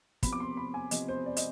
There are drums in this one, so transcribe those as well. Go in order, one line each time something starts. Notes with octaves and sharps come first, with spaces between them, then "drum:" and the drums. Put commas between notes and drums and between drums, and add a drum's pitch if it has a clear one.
C3 F3 B3 B5, drum: kick, hi-hat
D6
C6
B5
G#5
C3 F3 B3 D#5, drum: hi-hat
C5
D5
D#5, drum: hi-hat